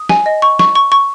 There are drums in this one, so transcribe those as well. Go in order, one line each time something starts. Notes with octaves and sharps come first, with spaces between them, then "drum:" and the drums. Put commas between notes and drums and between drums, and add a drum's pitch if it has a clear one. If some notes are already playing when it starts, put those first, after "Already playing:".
Already playing: D#6
G#5, drum: snare
D#5
C#6
C#6, drum: snare
C#6
C#6